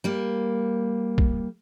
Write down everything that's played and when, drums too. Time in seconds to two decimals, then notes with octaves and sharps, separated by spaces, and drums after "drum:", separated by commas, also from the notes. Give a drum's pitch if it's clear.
0.04 G3 A#3
1.18 drum: kick